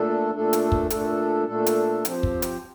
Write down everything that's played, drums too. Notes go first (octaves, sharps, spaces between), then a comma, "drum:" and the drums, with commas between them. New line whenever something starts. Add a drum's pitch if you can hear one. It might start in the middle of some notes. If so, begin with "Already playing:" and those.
Already playing: A#2 A3 D4 A4
A#2 A3 D4 A4
drum: hi-hat
drum: kick
A#2 A3 D4 A4, drum: hi-hat
A#2 A3 D4 A4
drum: hi-hat
F3 C4 G4 C5, drum: hi-hat
drum: kick
drum: hi-hat